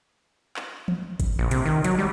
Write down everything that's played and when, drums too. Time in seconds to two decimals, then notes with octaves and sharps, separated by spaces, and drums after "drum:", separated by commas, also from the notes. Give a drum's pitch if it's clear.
0.56 drum: clap
0.88 drum: tom E3
1.20 drum: kick G#1, hi-hat
1.39 A#1
1.51 C3, drum: hi-hat
1.66 D#3
1.84 F#3, drum: hi-hat
1.98 G3